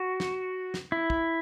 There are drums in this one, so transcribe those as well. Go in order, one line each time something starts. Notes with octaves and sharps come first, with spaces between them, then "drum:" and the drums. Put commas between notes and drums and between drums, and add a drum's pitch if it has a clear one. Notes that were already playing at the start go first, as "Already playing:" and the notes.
Already playing: F#4
drum: snare
drum: snare
E4
drum: kick